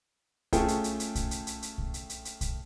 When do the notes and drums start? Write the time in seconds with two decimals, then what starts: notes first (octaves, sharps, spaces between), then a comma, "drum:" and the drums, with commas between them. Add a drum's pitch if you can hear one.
0.53 A3 C#4 F4 G#4 A4 G5, drum: kick, hi-hat
0.68 drum: hi-hat
0.84 drum: hi-hat
1.00 drum: hi-hat
1.15 drum: kick, hi-hat
1.31 drum: hi-hat
1.47 drum: hi-hat
1.62 drum: hi-hat
1.78 drum: kick
1.94 drum: hi-hat
2.09 drum: hi-hat
2.25 drum: hi-hat
2.41 drum: kick, hi-hat